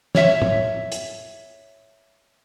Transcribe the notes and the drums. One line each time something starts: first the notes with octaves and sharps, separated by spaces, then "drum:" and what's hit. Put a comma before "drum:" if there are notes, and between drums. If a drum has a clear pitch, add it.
C#5 E5, drum: snare
drum: tom
drum: hi-hat